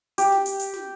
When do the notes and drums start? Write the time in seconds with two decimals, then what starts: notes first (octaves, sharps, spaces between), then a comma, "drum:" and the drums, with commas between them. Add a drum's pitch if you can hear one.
0.18 G4, drum: hi-hat
0.32 drum: snare
0.46 drum: hi-hat
0.60 drum: hi-hat
0.73 drum: snare